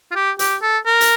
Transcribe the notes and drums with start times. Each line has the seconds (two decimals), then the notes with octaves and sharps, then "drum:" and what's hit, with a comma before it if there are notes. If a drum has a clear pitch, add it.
0.11 F4
0.15 G4
0.39 G4, drum: hi-hat
0.62 A4
0.86 A#4
1.01 drum: hi-hat